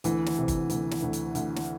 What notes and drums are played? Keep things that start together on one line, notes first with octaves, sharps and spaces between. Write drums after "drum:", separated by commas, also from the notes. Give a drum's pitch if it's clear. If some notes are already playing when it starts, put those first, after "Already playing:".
D2 E3, drum: hi-hat
drum: snare
C3
drum: kick G1, hi-hat
D2, drum: hi-hat
drum: snare
D2
drum: hi-hat
D2, drum: hi-hat
drum: snare